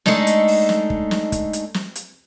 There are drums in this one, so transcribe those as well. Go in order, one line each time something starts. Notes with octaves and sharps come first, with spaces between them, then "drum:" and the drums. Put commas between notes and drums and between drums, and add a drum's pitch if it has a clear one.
G#3 A3 D4 D#4 A4, drum: snare
drum: hi-hat
drum: open hi-hat
drum: snare
drum: kick
drum: snare
drum: kick, hi-hat
drum: hi-hat
drum: snare
drum: hi-hat